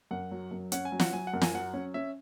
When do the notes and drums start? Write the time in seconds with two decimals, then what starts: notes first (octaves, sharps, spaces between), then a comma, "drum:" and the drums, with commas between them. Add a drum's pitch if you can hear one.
0.11 F#2 F#5
0.31 F#3
0.51 F#2
0.72 C#4 F#5, drum: hi-hat
0.85 G#5
0.92 F#3
1.00 F#5, drum: snare
1.13 F#3 G#5
1.27 F#5
1.33 F#2
1.42 G#5, drum: snare
1.54 F#3 F#5
1.74 C#4
1.94 C#4 E5